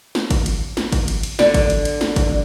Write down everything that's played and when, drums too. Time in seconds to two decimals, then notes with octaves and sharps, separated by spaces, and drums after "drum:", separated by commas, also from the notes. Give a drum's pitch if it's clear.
0.15 drum: snare
0.31 drum: kick, cymbal
0.46 drum: cymbal
0.77 drum: snare
0.92 drum: kick, cymbal
1.08 drum: cymbal
1.23 drum: cymbal
1.39 D3, drum: snare
1.54 drum: kick, cymbal
1.70 drum: cymbal
1.85 drum: cymbal
2.01 drum: snare
2.16 drum: kick, cymbal